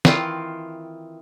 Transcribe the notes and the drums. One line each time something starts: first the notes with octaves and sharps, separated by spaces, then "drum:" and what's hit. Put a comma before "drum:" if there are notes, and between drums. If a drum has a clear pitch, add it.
D#3 E3 C4 E4 F4, drum: snare